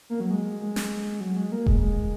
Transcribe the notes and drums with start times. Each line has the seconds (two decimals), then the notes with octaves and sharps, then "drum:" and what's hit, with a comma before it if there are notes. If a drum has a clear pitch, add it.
0.10 A#3
0.20 F#3
0.31 G#3
0.61 G#3
0.76 drum: snare
1.21 F#3
1.37 G#3
1.52 A#3
1.66 G#3, drum: kick E1
1.81 G#3